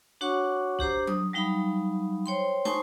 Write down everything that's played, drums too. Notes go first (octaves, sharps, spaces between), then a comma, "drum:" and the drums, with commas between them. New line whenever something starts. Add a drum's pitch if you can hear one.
D4 F#4 C#5 F#5 C#6
D4 G4 C5 A#5, drum: kick
D#6, drum: tom F#3
F#3 G3 D#4 F5 G5 B5
C5 C#5 G5 C6
D#4 C5 G#5 A5 C6 C#6, drum: snare